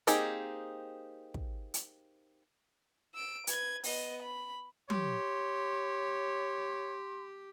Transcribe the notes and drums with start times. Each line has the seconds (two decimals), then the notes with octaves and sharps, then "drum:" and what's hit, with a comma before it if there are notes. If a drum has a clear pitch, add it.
0.07 A#3 C4 D#4 G4 G#4, drum: hi-hat
1.34 drum: kick
1.74 drum: hi-hat
3.14 E6 D7
3.47 B4 G#6, drum: hi-hat
3.84 B3 D#5, drum: open hi-hat
4.23 B5
4.90 G4 C#5 C6, drum: tom F#3